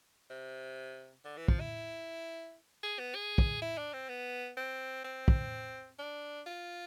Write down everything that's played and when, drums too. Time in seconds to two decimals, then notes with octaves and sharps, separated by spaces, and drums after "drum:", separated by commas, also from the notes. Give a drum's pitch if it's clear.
0.30 C3
1.25 D3
1.37 E3
1.48 F3, drum: kick
1.60 E4
2.83 G#4
2.99 B3
3.15 G#4
3.38 drum: kick
3.62 E4
3.78 D4
3.93 C4
4.09 B3
4.57 C4
5.04 C4
5.28 drum: kick
5.99 D4
6.46 F4